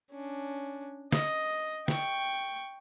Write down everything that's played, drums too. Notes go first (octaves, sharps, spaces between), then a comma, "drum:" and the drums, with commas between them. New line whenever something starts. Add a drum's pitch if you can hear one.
C#4 D4
D#5, drum: snare
G5 C#6, drum: snare